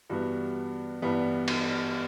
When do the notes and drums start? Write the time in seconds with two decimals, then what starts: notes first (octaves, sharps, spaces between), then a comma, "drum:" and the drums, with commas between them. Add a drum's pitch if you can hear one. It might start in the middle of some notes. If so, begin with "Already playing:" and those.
0.10 G2 E3 G3 B3 F#4
1.02 G2 E3 G3 B3
1.48 drum: cymbal